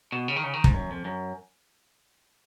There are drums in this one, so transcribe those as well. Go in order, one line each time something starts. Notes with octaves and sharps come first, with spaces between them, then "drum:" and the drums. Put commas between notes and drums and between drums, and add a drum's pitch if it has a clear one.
B2
C#3
D#3
C#3
D#3
G#2, drum: kick
F#2
F2
F#2